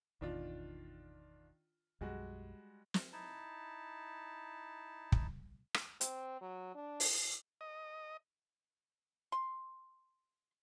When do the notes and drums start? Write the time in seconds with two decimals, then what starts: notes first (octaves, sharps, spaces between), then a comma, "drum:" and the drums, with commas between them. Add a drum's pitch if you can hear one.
0.21 G#1 E2 B2 D#3 D4 F4
2.01 B1 F#2 G3 G#3 F#4
2.94 drum: snare
3.13 D#4 E4 A5
5.12 drum: kick
5.74 drum: rim click
6.01 C4, drum: hi-hat
6.41 F#3
6.75 D4
7.00 drum: open hi-hat
7.61 D#5
9.32 C6